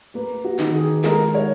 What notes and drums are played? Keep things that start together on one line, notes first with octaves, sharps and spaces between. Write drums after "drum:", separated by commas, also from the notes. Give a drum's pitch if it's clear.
A#3 B4
F#4
D#3, drum: snare
G#4
G#3 A#4, drum: snare
C#5